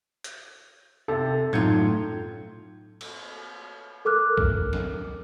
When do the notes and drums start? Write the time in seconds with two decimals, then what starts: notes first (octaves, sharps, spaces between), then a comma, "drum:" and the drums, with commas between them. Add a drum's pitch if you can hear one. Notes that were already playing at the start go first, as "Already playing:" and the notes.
0.24 drum: hi-hat
1.08 C3 A4
1.53 F#2 A2 D#4 F4 G6 G#6 C#7, drum: tom
3.01 drum: cymbal
4.05 A4 A#4 D6 F6 F#6
4.38 drum: kick
4.73 drum: snare